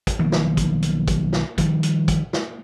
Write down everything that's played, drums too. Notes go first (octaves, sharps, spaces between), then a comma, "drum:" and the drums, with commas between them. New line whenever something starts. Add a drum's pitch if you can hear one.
drum: kick, hi-hat
B1 D#3 F3 A#3
drum: snare
drum: kick, hi-hat
drum: hi-hat
drum: kick, hi-hat
drum: snare
D#3 F3 G3, drum: kick, hi-hat
drum: hi-hat
drum: kick, hi-hat
drum: snare